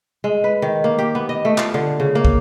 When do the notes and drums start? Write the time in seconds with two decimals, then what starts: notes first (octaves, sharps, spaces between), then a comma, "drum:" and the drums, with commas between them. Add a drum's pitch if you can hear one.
0.24 G#3
0.44 B4
0.62 D#3
0.84 A#3
0.99 G4
1.15 B3
1.29 D#5
1.45 A3
1.58 F4, drum: clap
1.74 D3
2.00 C#3
2.15 A#3
2.25 drum: kick